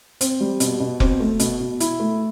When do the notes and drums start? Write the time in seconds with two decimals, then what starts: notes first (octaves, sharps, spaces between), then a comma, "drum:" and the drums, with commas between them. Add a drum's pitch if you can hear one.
0.21 C4, drum: hi-hat
0.40 G3
0.60 B2, drum: hi-hat
0.80 B2
1.00 C4, drum: kick F1
1.20 A3
1.40 B2, drum: hi-hat
1.60 B2
1.80 E4, drum: hi-hat
2.00 A3